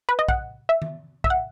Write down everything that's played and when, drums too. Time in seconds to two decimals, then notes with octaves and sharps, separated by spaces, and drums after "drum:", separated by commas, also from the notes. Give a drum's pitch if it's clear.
0.09 B4
0.19 D#5
0.28 F#5, drum: kick
0.69 E5
0.82 drum: tom D#3
1.24 E5, drum: kick
1.30 F#5